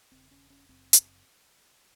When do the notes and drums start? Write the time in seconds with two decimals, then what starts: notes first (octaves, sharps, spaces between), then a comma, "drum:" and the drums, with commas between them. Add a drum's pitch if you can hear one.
0.12 E1 E2 C#3 C4
0.31 C#4
0.50 C#4
0.68 F#1 F#2 C#3 C4
0.93 drum: hi-hat